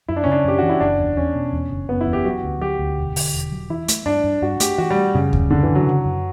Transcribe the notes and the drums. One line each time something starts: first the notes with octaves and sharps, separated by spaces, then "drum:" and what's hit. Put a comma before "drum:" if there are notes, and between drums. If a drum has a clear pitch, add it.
F#2 E4
D4
C#3 C#4
D4
F#2 G4
E3 F#4
E4
F#1 D4
E2
E2 C#4
B2
E2
F#1
F#1 B3
E4
E2
G4
F#3 F#4
D2
F#3 G4
D2
E1
D3, drum: open hi-hat
E1
F#3
E3 E4
A3, drum: hi-hat
G2 D4
G2
G2 F#4
A3 G4, drum: hi-hat
E3 F#4
G3
A3
F#2 C#3
F#2, drum: kick D2
F#2 D3
E3
C#3
F#3
C#3
F#2